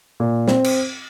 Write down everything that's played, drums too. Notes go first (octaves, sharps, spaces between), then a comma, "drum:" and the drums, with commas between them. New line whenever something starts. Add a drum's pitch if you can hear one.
A#2
C4, drum: snare
drum: cymbal